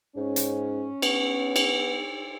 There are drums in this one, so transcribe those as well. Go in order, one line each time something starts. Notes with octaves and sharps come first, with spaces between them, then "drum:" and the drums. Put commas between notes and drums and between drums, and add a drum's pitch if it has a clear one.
G#2 C#4
drum: hi-hat
B3, drum: cymbal
drum: cymbal